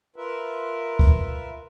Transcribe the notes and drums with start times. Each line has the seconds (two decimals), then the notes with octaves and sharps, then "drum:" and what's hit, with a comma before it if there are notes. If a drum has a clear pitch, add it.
0.16 F4 A#4 B4 E5
0.99 drum: kick